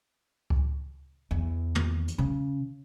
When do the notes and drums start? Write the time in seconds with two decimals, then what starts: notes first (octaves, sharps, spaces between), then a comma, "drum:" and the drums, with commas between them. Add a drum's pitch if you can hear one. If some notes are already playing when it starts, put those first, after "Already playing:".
0.50 drum: kick C#2
1.31 E2
1.75 drum: tom
2.08 drum: hi-hat
2.18 C#3